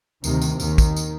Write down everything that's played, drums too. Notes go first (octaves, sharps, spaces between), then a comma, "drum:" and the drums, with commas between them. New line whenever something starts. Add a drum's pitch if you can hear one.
D2 C3 D#3, drum: tambourine
drum: tambourine
D#2 D#3, drum: tambourine
drum: kick, tambourine
drum: tambourine